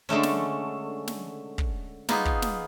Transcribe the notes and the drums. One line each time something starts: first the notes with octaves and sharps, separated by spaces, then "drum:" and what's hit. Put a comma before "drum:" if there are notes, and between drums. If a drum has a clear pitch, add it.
D3 G#3 A3 C#4
drum: snare
drum: snare
drum: kick
A#3 B3 D#4 F4 G#4, drum: snare
drum: kick
drum: snare